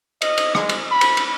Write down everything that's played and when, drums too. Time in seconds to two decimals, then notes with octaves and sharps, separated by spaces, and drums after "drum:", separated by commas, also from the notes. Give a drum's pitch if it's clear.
0.22 D#5, drum: cymbal
0.37 drum: cymbal
0.55 G#3, drum: rim click
0.69 drum: cymbal
0.91 B5
1.01 drum: cymbal
1.17 drum: cymbal